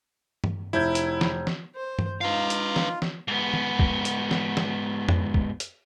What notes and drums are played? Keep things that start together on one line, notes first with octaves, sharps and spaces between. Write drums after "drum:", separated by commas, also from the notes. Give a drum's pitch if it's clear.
drum: tom G2
F1 E4 G6 G#6
drum: hi-hat
drum: snare
drum: snare
C5
drum: tom G2
D#4 F4 B4 F5 A#5
drum: hi-hat
drum: snare
drum: snare
G#2 B3
drum: tom D#3
drum: kick
drum: hi-hat
drum: snare
drum: snare
drum: tom
drum: kick
drum: hi-hat